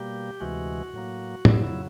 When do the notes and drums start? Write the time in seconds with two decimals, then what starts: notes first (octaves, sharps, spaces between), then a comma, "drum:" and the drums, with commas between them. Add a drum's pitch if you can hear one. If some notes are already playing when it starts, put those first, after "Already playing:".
Already playing: B2 G3 A#3 G4
0.41 D2 C3 E3 G#3 F#4
0.93 A2 F#3 A#3
1.45 F2 C#3 F#3 E4, drum: tom
1.63 E4